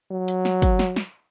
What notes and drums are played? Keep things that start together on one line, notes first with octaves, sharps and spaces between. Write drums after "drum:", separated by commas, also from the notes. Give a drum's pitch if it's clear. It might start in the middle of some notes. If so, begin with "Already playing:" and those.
F#3
drum: hi-hat
drum: snare
drum: kick, hi-hat
drum: snare
drum: snare